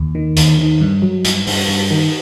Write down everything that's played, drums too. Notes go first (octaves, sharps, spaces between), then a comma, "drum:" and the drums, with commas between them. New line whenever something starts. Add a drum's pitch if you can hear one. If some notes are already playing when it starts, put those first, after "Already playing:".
Already playing: D#2
D#3
D#2, drum: hi-hat
D#3
G2
F#3
G2, drum: hi-hat
G2, drum: open hi-hat
G2
D#3